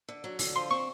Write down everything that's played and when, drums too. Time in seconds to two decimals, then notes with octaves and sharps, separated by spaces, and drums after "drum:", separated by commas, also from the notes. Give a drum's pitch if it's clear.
0.08 D3
0.24 F#3
0.39 D3, drum: open hi-hat
0.56 F3 C6
0.70 C4 C#6